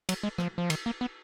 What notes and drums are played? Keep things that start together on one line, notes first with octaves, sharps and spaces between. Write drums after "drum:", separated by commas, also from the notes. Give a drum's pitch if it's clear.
F#3, drum: cymbal
G#3
F3, drum: rim click
F3
D#3, drum: cymbal
A#3
B3